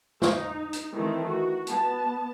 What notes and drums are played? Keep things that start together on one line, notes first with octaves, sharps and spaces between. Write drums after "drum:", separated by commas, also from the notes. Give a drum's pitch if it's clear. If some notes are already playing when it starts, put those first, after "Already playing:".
D#4, drum: snare
drum: hi-hat
D#3 E3 A3 C4
F#4
B3 A5, drum: hi-hat